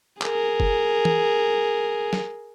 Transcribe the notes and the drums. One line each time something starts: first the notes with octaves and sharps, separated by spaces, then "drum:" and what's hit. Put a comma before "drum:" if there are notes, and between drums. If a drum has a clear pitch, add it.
G#4 A#4, drum: clap
drum: kick
drum: tom E3
drum: snare